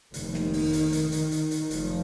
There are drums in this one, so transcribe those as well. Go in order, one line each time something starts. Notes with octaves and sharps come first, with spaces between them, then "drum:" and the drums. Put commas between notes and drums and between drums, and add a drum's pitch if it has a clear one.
F1 D#2 D#3, drum: hi-hat
drum: snare
drum: open hi-hat
drum: hi-hat
drum: hi-hat
drum: hi-hat
drum: hi-hat
drum: hi-hat
F1 F3, drum: hi-hat